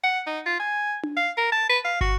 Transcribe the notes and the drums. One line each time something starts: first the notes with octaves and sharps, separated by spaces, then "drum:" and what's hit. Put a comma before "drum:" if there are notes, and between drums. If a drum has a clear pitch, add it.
F#5
D#4
F4
G#5
drum: tom D4
F5
A#4
A5
B4
F5
F#4, drum: kick